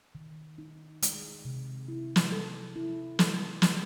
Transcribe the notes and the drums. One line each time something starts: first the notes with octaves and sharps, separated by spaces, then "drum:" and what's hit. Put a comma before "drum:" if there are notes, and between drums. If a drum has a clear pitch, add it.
D#3
D#4
G#3, drum: hi-hat
C3
E4
drum: snare
A4
E4
A4, drum: snare
G#3, drum: snare